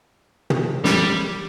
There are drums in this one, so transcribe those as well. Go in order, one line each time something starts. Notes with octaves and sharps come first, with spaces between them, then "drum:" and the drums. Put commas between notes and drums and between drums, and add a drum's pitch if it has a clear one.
drum: tom
G3, drum: snare